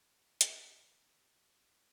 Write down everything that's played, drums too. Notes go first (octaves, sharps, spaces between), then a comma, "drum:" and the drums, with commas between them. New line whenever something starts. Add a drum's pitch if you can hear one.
G4
D5, drum: hi-hat
A#4
G4
C4